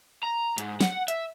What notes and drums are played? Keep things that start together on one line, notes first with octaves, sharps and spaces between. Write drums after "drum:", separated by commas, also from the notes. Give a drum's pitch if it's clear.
A#5
G#2, drum: hi-hat
F#5, drum: snare
E5, drum: hi-hat